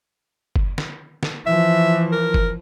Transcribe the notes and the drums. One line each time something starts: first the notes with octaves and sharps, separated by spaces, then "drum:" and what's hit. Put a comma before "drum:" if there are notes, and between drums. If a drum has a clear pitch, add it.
drum: kick F#1
drum: snare
drum: snare
E3 F3 E5
A#4
drum: kick F#1